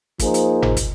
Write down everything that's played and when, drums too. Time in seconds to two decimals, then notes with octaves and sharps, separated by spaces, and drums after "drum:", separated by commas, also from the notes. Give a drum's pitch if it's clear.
0.19 F3 A#3 D#4 G#4 C5, drum: kick, hi-hat
0.34 drum: hi-hat
0.62 drum: tom G1
0.77 drum: kick, hi-hat